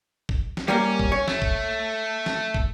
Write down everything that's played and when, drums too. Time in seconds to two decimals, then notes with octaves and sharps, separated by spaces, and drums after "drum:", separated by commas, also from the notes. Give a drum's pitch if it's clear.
0.29 drum: kick
0.57 drum: snare
0.68 G3 A#3 C#4 A#4
0.99 drum: kick
1.12 C#5
1.28 A3, drum: snare
1.42 drum: kick
2.26 drum: snare
2.54 drum: kick